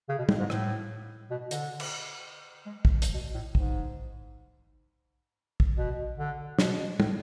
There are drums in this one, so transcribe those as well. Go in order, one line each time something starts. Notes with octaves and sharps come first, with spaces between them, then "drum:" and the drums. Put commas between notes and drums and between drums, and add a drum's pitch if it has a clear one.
C#3
B2
A2, drum: tom
G#2
A2, drum: rim click
B2
D3, drum: hi-hat
drum: cymbal
G#3
drum: kick
drum: hi-hat
B2
A2
G#2, drum: kick
drum: kick
B2
D3
B2, drum: snare
A2, drum: tom